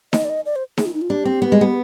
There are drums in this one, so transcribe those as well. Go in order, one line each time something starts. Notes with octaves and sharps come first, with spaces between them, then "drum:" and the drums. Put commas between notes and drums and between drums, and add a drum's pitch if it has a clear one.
D#5, drum: snare D#4
D5
D#5
D5
C5
G#4, drum: snare D#4
F4
D#4
F4
D4 G4
C4
B3
G#3
B3